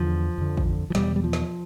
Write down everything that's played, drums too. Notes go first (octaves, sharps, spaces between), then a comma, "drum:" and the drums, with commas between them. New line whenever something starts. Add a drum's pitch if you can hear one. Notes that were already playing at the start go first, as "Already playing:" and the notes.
Already playing: E2 D3 F3
F2 D3
drum: kick
F3
E2 B2 G3, drum: snare
G3
F3
drum: snare